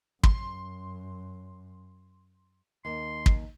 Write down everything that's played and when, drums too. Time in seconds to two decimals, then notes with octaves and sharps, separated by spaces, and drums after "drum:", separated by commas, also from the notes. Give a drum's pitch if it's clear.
0.23 F#2 C6, drum: kick
2.85 D#2 C6
3.26 drum: kick